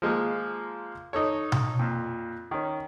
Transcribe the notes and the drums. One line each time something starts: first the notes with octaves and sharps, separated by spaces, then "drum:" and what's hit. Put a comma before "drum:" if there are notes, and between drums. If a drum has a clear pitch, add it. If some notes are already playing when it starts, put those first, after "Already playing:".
F3 G#3 A#3
D#4 A4 C#5
drum: tom B2
F2 A#2
D#3 C#4